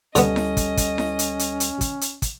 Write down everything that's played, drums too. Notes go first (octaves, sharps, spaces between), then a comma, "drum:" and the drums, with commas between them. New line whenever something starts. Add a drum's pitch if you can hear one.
D2 D3 G3 B3 C#4 A4 D#5, drum: hi-hat
drum: snare E4
drum: kick, hi-hat
drum: kick, hi-hat
drum: snare E4
drum: hi-hat
drum: hi-hat
drum: hi-hat
drum: kick, hi-hat
drum: hi-hat
drum: kick, hi-hat